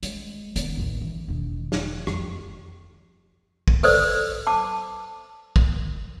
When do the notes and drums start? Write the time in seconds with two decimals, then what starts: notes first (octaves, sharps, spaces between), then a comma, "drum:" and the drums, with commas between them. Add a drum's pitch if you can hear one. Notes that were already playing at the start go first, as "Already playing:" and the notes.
0.03 G#3, drum: hi-hat
0.56 D#3 B3, drum: hi-hat
0.77 A1 D#2
1.01 E3
1.28 E1 D#3
1.72 drum: snare
2.07 F2, drum: rim click
3.68 drum: kick
3.83 A4 B4 C5 D5 D#6, drum: open hi-hat
4.47 A5 D6
5.56 drum: kick